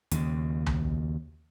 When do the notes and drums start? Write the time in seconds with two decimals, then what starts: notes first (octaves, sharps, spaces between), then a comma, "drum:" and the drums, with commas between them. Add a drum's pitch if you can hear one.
0.11 D#2 C#3, drum: hi-hat
0.66 drum: tom C2